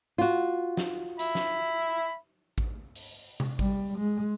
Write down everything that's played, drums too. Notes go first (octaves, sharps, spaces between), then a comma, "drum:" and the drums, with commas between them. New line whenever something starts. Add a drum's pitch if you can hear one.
F4 F#4
drum: snare
E5 B5, drum: hi-hat
drum: snare
drum: kick A1
drum: open hi-hat
drum: tom C3
G3, drum: kick A1
G#3